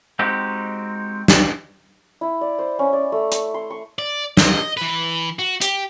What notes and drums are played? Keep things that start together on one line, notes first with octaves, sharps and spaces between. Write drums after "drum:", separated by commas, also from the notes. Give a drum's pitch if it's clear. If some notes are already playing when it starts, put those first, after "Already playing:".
G#3 C4 D#4 F#4 G4
drum: snare
E4
D5
C5
C#4
D5
A3
C#6, drum: hi-hat
C6
C#6
D5
D#5, drum: snare
E3 B4
F#4
G4, drum: hi-hat